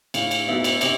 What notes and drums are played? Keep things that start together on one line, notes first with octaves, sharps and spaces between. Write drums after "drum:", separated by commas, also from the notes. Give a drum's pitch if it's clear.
A2 F5, drum: cymbal
drum: cymbal
F#3 B3 D#4 E5
drum: cymbal
C3 D#5, drum: cymbal